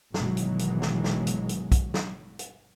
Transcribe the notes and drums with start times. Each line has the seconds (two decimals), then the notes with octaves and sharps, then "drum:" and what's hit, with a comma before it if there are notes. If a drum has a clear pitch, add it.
0.14 G1 B2 D#3 E3 F#3 G#3, drum: snare
0.37 drum: hi-hat
0.59 drum: hi-hat
0.82 drum: snare
1.04 drum: snare
1.27 drum: hi-hat
1.49 drum: hi-hat
1.72 drum: kick, hi-hat
1.94 drum: snare
2.39 drum: hi-hat